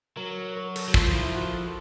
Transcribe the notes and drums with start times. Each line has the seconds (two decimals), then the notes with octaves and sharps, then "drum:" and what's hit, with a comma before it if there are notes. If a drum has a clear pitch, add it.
0.17 F#3 A#4
0.56 A#4
0.76 A4, drum: cymbal
0.88 F#3
0.94 F3 F4, drum: kick
1.14 E4
1.34 F#4
1.53 A4